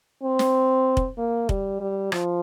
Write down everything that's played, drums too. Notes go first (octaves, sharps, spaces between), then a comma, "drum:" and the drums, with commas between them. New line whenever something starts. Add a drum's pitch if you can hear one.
C4
drum: snare
drum: kick
A#3
G3, drum: kick
G3
F3, drum: rim click